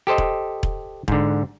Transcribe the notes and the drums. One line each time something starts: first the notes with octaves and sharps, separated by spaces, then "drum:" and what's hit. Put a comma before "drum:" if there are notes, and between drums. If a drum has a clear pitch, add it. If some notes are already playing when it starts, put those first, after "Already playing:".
G4 A4 C5 D#5
drum: kick E1
drum: kick E1
G#2 D3, drum: kick E1